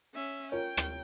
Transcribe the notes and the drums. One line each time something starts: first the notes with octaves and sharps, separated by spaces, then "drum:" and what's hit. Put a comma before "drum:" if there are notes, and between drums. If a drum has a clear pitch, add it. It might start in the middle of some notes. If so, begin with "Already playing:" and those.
C#4 E5
F4 A#4 C#5 G5
drum: rim click